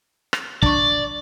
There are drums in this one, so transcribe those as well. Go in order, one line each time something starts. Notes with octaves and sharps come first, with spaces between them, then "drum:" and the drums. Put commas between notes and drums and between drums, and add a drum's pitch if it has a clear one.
drum: rim click
D4 D5 C#6, drum: kick